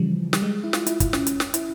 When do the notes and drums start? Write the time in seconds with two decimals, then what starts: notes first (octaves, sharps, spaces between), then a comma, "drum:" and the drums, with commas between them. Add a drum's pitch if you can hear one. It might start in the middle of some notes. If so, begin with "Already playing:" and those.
Already playing: C#3 E3 F3 G3
0.33 G3, drum: snare
0.42 G#3
0.64 E4
0.73 F4, drum: snare
0.87 E4, drum: hi-hat
1.00 E4, drum: kick, hi-hat
1.13 C#4, drum: snare
1.27 drum: hi-hat
1.40 drum: snare
1.54 E4, drum: hi-hat